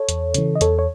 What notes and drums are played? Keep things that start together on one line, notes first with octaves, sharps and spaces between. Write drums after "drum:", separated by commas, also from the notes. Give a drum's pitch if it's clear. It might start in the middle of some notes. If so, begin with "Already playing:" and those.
Already playing: A4 C#5
E2, drum: hi-hat
C#3 E3, drum: hi-hat
D#5
E2 A4 C#5, drum: hi-hat
C#5